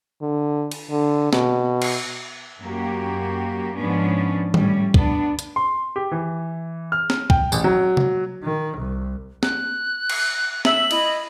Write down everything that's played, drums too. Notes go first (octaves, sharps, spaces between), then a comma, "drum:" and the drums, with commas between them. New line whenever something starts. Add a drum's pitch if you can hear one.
D3
drum: cymbal
D3
B2, drum: snare
drum: cymbal
F#2 A#3 F#4 G4
G#2 F3 B3 C#4 D4
A2 G3 C#4, drum: tom D#3
B3 D4, drum: kick
drum: hi-hat
C6
G4
E3
F6
drum: snare
G5, drum: kick
A1, drum: tambourine
F#3
drum: tom C3
D#3
C2
F#6, drum: snare
drum: cymbal
E5 F#7, drum: snare
E4 D#5, drum: cymbal